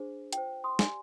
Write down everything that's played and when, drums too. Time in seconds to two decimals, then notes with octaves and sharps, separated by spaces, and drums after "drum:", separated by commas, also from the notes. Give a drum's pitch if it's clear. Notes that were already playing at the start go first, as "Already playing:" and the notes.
Already playing: D4 G#4 C5
0.33 F4 C5 G5, drum: hi-hat
0.64 C6 D#6
0.79 G4 D5 G#5 C6, drum: snare